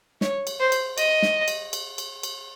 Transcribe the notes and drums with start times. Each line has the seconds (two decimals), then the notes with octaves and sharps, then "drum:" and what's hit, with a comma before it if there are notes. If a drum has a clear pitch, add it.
0.21 C#5, drum: snare
0.47 drum: cymbal
0.60 C5
0.72 drum: cymbal
0.98 D#5, drum: cymbal
1.22 drum: snare
1.48 drum: cymbal
1.73 drum: cymbal
1.98 drum: cymbal
2.23 drum: cymbal